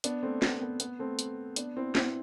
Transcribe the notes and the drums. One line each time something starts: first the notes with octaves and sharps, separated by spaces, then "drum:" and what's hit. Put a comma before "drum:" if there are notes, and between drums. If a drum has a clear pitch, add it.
B3 D4, drum: hi-hat
A3 C4
B3, drum: snare
B3
B3, drum: hi-hat
A3 C4
drum: hi-hat
B3 D4, drum: hi-hat
C4 E4
C4 E4, drum: snare